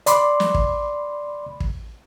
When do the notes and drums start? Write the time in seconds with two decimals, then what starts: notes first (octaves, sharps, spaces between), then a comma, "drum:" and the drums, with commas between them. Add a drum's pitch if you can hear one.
0.06 D5 B5 C6 D6, drum: hi-hat
0.40 drum: snare
0.54 drum: kick
1.60 drum: kick